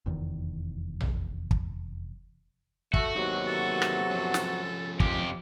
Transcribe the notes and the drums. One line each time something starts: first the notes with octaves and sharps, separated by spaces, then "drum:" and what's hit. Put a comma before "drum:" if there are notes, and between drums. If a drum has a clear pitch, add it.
F1 E2 G#2 D#3
drum: tom A#1
drum: kick
A3 F#4, drum: kick
E2 C3 F#3 A#3 D#4
A4
drum: rim click
F3 C#4
drum: snare
F2 G4, drum: kick